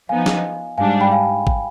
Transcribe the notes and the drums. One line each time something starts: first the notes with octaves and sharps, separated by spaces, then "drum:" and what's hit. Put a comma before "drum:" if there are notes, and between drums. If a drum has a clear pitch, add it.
F3 B3 D#4 F5 G#5
drum: snare
G#2 G3 D4 F5 G#5
G5 B5
F5 G#5
drum: kick G#1